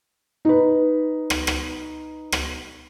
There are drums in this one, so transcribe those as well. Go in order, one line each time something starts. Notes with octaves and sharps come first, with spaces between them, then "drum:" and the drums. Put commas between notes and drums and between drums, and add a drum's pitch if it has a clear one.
D#4 B4
drum: rim click
drum: rim click
drum: rim click